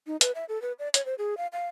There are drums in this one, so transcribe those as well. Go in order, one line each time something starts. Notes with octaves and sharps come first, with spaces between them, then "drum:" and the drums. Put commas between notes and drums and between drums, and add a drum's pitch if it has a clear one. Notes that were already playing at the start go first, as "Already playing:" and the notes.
D#4
B4, drum: hi-hat
E5
A4
B4
D5
C#5, drum: hi-hat
C5
G#4
F5
F5